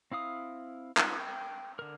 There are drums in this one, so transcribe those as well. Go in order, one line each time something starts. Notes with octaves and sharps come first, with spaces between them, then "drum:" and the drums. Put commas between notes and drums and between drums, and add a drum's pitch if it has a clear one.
C4 E4 F5 D#6
B3 D#4 F4, drum: clap
G5
D3 A#4